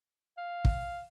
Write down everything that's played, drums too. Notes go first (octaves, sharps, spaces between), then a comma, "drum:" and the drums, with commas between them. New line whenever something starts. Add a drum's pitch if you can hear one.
F5
drum: kick